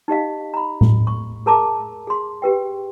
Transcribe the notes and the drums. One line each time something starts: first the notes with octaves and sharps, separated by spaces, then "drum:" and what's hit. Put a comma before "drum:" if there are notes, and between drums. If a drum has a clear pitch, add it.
D#4 G4 D#5 F5
A#5 B5
drum: tom A2
C#6
G#4 A#4 A5 A#5 D6
G#4 C6
G4 B4 G5